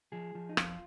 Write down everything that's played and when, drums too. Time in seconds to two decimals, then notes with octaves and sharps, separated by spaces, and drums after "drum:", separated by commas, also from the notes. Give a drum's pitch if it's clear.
0.12 F3 G#4
0.35 F3
0.49 D#4
0.57 F2 F4, drum: rim click